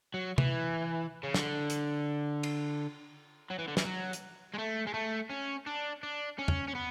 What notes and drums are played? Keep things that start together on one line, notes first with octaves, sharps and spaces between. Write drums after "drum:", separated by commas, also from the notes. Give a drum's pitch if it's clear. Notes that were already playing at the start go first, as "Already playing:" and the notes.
F#3
E3, drum: tom
C#3
D3, drum: snare
drum: hi-hat
drum: cymbal
F#3
E3
D3
E3, drum: snare
F#3
drum: hi-hat
G#3
A3
G#3
A3
C#4
D4
D4
C#4
drum: tom E2
C#4
B3